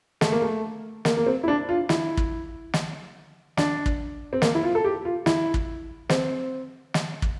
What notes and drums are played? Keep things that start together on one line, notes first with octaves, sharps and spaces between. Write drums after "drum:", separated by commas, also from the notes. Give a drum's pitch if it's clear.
A3, drum: snare
A#3
A3
A#3, drum: snare
A#3
C4
E4
D4
F4
E4, drum: snare
drum: kick
drum: snare
D4, drum: snare
drum: kick
C4
A#3, drum: snare
E4
F4
A4
G4
F4
E4, drum: snare
drum: kick
C4, drum: snare
drum: snare
drum: kick